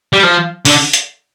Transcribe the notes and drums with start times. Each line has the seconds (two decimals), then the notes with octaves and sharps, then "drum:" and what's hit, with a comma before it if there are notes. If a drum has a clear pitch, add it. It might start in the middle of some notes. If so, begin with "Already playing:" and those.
0.13 G3
0.23 F3
0.65 D3, drum: open hi-hat
0.93 drum: hi-hat